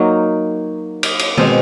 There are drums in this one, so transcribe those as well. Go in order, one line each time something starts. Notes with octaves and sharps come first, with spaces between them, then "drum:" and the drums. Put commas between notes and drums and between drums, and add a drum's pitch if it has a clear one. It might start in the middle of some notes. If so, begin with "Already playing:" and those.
Already playing: F#3 A#3 D#4
drum: cymbal
drum: cymbal
B2 G#3 C4, drum: tom D#3